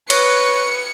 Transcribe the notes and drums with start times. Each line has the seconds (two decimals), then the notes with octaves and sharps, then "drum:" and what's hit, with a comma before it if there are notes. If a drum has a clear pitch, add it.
0.10 B4 C#5 C#6 F#6 A#6 C#7, drum: cymbal